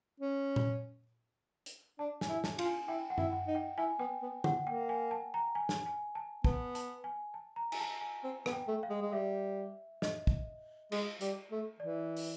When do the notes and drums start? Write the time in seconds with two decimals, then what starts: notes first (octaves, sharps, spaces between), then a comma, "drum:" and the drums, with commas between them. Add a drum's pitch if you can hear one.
0.20 C#4
0.56 drum: tom A#2
1.66 drum: hi-hat
1.99 D4 A5
2.21 G#5, drum: snare
2.29 E4
2.44 A5, drum: snare
2.59 F4, drum: cymbal
2.66 G#5
2.88 E4 G5
3.10 F#5
3.18 E4, drum: tom F#2
3.33 F#5
3.47 D#4
3.55 G5
3.78 E4 G#5
3.99 B3 G5
4.22 B3
4.44 F#5, drum: tom
4.66 A#3 G5
4.89 G#5
5.11 A5
5.34 A#5
5.55 G#5
5.69 drum: snare
5.86 G#5
6.15 A5
6.44 B3 A5, drum: kick
6.75 A5, drum: hi-hat
7.04 G#5
7.34 A5
7.56 A#5
7.72 G#5, drum: cymbal
7.79 A5
8.01 G#5
8.24 C4
8.46 B3, drum: rim click
8.53 G5
8.68 A3
8.83 F5
8.90 G#3
9.01 G#3
9.12 G3 E5
10.02 D#5, drum: snare
10.27 drum: kick
10.92 G#3, drum: cymbal
11.21 G3, drum: hi-hat
11.51 A3
11.80 E3 D5
12.17 drum: open hi-hat